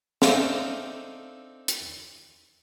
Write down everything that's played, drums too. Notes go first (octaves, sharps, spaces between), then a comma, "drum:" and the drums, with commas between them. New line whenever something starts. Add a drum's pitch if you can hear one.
C4 D4 D#4 A4 E5 F5, drum: snare
drum: hi-hat